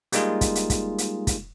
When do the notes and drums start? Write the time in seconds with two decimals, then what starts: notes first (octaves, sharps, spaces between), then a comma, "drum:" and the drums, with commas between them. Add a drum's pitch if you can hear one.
0.12 G3 G#3 A#3 D#4 F4 G#4, drum: hi-hat
0.41 drum: kick, hi-hat
0.55 drum: hi-hat
0.70 drum: kick, hi-hat
0.98 drum: hi-hat
1.27 drum: kick, hi-hat